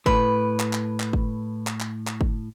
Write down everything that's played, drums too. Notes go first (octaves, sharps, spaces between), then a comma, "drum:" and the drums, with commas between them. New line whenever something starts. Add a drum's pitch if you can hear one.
A2 B4, drum: kick
drum: clap
drum: clap
drum: clap
drum: kick
drum: clap
drum: clap
drum: clap
drum: kick